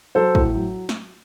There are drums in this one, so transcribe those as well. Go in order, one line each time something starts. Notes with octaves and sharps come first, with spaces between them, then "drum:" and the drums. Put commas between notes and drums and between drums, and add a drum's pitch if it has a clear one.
F#3 A4 C5
A2, drum: kick
F#3
drum: snare